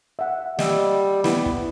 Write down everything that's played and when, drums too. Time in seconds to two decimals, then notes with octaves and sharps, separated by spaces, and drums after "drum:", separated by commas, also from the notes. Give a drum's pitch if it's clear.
0.19 E5 F#5
0.59 G3 D#5 E6, drum: snare
1.24 B3 E4 B5, drum: snare
1.46 drum: kick